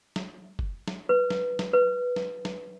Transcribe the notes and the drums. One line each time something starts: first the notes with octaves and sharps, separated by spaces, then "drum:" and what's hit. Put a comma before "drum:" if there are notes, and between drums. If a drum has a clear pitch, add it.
drum: snare
drum: kick
drum: snare
B4
drum: snare
drum: snare
B4
drum: snare
drum: snare